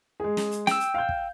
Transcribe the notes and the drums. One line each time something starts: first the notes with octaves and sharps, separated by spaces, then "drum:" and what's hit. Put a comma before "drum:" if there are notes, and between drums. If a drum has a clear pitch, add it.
G#3 G#4
drum: snare
drum: hi-hat
G5 E6, drum: snare
drum: hi-hat
F5 G6
drum: kick